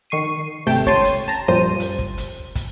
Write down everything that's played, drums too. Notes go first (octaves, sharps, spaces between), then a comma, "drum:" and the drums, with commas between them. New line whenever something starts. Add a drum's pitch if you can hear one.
D#3 C#6 C7 D#7
G#1 C3 A3 G5, drum: open hi-hat
C#2 C#5 A5 C6 D#7, drum: kick
drum: hi-hat
A5 A#5
A#1 F#2 F3 G3 C5 D#7
drum: hi-hat
drum: kick
drum: hi-hat
drum: kick, hi-hat